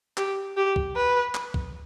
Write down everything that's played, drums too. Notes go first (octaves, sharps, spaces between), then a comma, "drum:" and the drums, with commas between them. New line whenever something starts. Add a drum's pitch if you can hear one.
G4, drum: clap
G4
drum: kick
B4
drum: clap
drum: kick